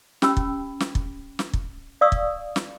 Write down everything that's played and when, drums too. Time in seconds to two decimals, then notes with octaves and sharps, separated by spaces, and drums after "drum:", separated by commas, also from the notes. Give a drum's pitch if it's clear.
0.22 C#4 G4 G5 B5 E6, drum: snare
0.37 drum: kick
0.80 drum: snare
0.95 drum: kick
1.39 drum: snare
1.53 drum: kick
2.01 D5 F5 C#6 D#6 E6
2.12 drum: kick
2.56 drum: snare